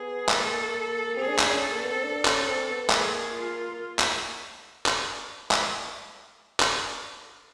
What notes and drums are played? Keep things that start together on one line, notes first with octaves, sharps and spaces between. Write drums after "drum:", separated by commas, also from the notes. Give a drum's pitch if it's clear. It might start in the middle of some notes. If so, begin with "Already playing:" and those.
Already playing: B3 G#4
A#3 A4, drum: clap
C4 G#4
D4
D4, drum: clap
C#4
A4
A#3
B3
C4
D4
C#4, drum: clap
C4
B3
A#3 G#4, drum: clap
F4
A#3
drum: clap
drum: clap
drum: clap
drum: clap